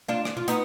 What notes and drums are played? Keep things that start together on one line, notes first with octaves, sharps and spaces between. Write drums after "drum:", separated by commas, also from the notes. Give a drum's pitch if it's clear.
D4 F4
drum: rim click
F4
B3 D#4, drum: hi-hat